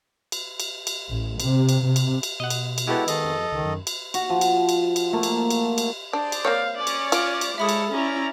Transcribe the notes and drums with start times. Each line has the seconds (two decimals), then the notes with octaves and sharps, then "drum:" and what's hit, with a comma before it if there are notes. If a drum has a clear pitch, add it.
0.32 drum: cymbal
0.60 drum: cymbal
0.87 drum: cymbal
1.09 A1
1.40 C3, drum: cymbal
1.69 drum: cymbal
1.84 C3
1.96 drum: cymbal
2.23 drum: cymbal
2.40 B2 D#5 F#5
2.50 drum: cymbal
2.78 drum: cymbal
2.87 G#3 B3 E4 F#4 G4 A4
3.08 D#3 A4 D#5, drum: cymbal
3.25 F2
3.52 C#2 D#3
3.65 F#2
3.87 drum: cymbal
4.14 F#4, drum: cymbal
4.30 F3
4.41 drum: cymbal
4.69 drum: cymbal
4.96 drum: cymbal
5.13 A3 A#3
5.23 drum: cymbal
5.50 drum: cymbal
5.78 drum: cymbal
6.13 D4 G#4 C5 D5
6.32 drum: cymbal
6.45 A#3 C4 C#5 F5 G6
6.77 C#4 D5
6.87 drum: cymbal
7.12 F4 F6 D7, drum: cymbal
7.41 drum: cymbal
7.58 G#3 D#4 A4 C#5 D5 E5 B5 D#6
7.69 drum: cymbal
7.92 C#4 E4 D5 A#5